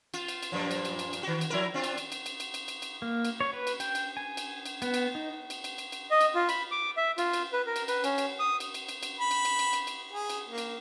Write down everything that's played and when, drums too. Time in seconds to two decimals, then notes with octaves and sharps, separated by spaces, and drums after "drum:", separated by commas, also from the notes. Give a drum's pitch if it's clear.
0.14 F4, drum: cymbal
0.28 drum: cymbal
0.43 drum: cymbal
0.52 F#2 A#2 F3
0.71 drum: cymbal
0.85 drum: cymbal
0.99 drum: cymbal
1.13 drum: cymbal
1.23 D#3 F#4
1.41 drum: cymbal
1.50 F3 E4 A#4
1.74 C4 D4 F4
1.84 drum: cymbal
1.98 drum: cymbal
2.12 drum: cymbal
2.26 drum: cymbal
2.40 drum: cymbal
2.54 drum: cymbal
2.68 drum: cymbal
2.82 drum: cymbal
3.02 A#3
3.25 drum: cymbal
3.41 C#5
3.53 B4
3.67 drum: cymbal
3.80 G5, drum: cymbal
3.95 drum: cymbal
4.17 G#5
4.37 drum: cymbal
4.66 drum: cymbal
4.82 B3, drum: cymbal
4.94 drum: cymbal
5.15 D#4
5.50 drum: cymbal
5.64 drum: cymbal
5.78 drum: cymbal
5.92 drum: cymbal
6.11 D#5
6.21 drum: cymbal
6.35 F4
6.49 B5, drum: cymbal
6.71 D6
6.97 E5
7.18 F4, drum: cymbal
7.33 drum: cymbal
7.53 B4
7.66 A#4
7.76 drum: cymbal
7.88 B4, drum: cymbal
8.04 C#4, drum: cymbal
8.18 drum: cymbal
8.39 D#6
8.60 drum: cymbal
8.74 drum: cymbal
8.89 drum: cymbal
9.03 drum: cymbal
9.21 B5
9.31 drum: cymbal
9.45 drum: cymbal
9.59 drum: cymbal
9.73 drum: cymbal
9.87 drum: cymbal
10.12 G#4
10.30 drum: cymbal
10.49 A#3
10.58 drum: cymbal